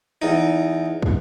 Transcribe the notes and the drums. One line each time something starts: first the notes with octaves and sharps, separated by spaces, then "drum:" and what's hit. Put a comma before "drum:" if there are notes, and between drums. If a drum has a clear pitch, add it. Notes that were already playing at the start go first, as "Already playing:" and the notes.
E2 D#4
drum: kick